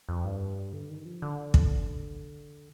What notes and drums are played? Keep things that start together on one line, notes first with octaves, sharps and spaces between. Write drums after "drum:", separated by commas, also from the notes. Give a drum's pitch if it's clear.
F2
G2
D3
D#3
F3
D3
drum: kick